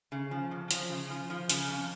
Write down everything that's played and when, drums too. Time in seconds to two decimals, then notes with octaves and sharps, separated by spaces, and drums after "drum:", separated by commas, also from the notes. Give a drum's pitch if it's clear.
0.12 C#3
0.31 F3
0.51 F2
0.71 F3, drum: hi-hat
0.90 C#3
1.10 F3
1.30 F3
1.50 C#3, drum: hi-hat
1.68 F2